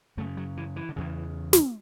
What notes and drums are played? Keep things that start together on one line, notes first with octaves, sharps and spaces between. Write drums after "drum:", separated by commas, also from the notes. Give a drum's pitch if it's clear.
F#2 C#3 A3
F#3
E3
E3
D3
E2 C#3 E3
drum: snare